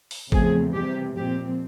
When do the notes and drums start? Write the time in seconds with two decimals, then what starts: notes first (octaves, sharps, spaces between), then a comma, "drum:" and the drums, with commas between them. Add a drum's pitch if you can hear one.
0.11 drum: open hi-hat
0.32 E2 C#3 F3 A3 C4 G#4, drum: kick
0.74 C3 E3 G3 C4 G4
1.17 A#2 F3 G#3 C4 G4